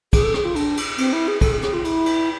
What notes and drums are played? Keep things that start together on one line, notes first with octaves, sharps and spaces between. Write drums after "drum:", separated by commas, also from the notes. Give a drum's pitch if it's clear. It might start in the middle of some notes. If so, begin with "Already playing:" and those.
G#4, drum: kick, cymbal
A4
G#4, drum: rim click
F4
D4, drum: cymbal
drum: cymbal
C4, drum: cymbal
E4
G#4
A4, drum: kick, cymbal
G#4
G#4, drum: rim click
F4
E4, drum: cymbal
drum: cymbal